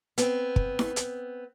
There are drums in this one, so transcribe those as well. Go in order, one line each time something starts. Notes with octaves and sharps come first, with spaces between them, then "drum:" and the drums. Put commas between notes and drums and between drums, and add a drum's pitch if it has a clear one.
B3 C4, drum: hi-hat
drum: kick
drum: snare E4
drum: hi-hat